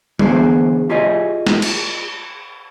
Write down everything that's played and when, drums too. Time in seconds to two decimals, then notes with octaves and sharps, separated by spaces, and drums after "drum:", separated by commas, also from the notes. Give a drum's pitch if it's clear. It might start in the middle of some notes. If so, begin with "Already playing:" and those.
0.19 D3 E3 B3 D4 G#4 C5, drum: tom G3
0.90 F4 G4 G#4 C#5 D#5
1.47 drum: snare
1.62 drum: cymbal